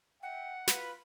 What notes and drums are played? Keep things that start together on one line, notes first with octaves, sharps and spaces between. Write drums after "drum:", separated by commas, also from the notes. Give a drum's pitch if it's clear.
E5 F#5 G5
F4 B4 B5, drum: snare